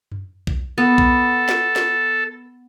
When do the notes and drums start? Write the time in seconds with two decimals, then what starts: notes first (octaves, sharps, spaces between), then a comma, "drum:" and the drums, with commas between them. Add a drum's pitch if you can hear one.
0.12 drum: tom F#2
0.47 drum: kick B1
0.78 B3 A4
0.98 drum: kick B1
1.49 drum: snare
1.76 drum: snare